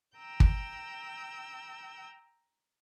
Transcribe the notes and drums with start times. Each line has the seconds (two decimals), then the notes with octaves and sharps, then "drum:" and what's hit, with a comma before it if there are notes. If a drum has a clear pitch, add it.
0.18 G5 A#5 E6 G6
0.40 drum: kick